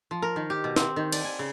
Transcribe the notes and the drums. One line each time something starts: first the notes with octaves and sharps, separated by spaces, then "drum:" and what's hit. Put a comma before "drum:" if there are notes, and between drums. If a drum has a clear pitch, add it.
F3
A#4
D#3
G4
B2
C4, drum: snare
D#3
D5, drum: cymbal
G#5
C#3